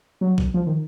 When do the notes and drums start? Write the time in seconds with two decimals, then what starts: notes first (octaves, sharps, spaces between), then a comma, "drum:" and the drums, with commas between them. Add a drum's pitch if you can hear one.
0.21 F#3
0.38 drum: kick
0.54 F3
0.67 D#3